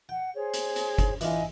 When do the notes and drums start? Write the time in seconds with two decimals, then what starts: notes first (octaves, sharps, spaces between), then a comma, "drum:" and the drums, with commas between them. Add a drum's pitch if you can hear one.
0.09 F#5 G5
0.34 G#4 C5 C#5
0.54 drum: hi-hat
0.76 drum: hi-hat
0.98 drum: kick F#1, hi-hat
1.21 E3 D4 F4 D#5 E5 G#5, drum: hi-hat